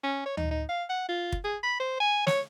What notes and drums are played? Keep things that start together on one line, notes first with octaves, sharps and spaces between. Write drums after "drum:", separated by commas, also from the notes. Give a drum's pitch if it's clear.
C#4
C#5
D#4, drum: tom D2
D#4
F5
F#5
F4
drum: kick
G#4
B5
C5
G#5
C#5, drum: snare